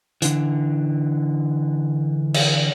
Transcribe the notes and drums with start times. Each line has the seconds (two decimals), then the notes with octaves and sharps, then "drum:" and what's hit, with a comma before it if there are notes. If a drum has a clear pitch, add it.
0.22 D3 E3, drum: hi-hat
2.34 drum: cymbal